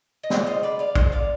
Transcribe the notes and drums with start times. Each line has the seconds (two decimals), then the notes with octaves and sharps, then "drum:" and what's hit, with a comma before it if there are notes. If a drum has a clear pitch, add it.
0.23 D#5
0.30 D3 G#3 B3 D5 F5, drum: snare
0.46 C5 D#5
0.63 B4 D5
0.79 D5 F5
0.96 D3 G#3 C5 D#5, drum: kick
1.01 B3
1.12 D5 F5